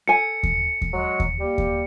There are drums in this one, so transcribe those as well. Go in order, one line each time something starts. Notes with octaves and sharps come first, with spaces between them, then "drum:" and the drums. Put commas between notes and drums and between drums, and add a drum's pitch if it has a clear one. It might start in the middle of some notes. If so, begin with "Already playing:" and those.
A4 G#5 C#7
drum: kick D#2
drum: kick D#2
F#3 G#3
drum: kick D#2
G3 A#3 G4
drum: kick D#2